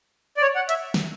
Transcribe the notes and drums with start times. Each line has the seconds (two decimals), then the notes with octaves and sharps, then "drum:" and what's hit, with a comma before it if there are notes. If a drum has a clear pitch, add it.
0.37 D5
0.42 C#5
0.55 F#5
0.69 E5, drum: hi-hat
0.94 drum: snare